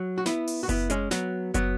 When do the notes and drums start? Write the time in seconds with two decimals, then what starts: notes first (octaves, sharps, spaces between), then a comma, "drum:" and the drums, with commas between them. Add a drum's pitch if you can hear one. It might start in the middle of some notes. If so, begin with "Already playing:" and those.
Already playing: F#3
0.18 F#4
0.26 B3 E4, drum: snare
0.47 drum: open hi-hat
0.63 F#4
0.69 B3 E4, drum: kick F#1, hi-hat
0.90 G#3 C#4, drum: hi-hat
1.11 F#3 B3, drum: snare
1.54 F#3 B3, drum: kick F#1, hi-hat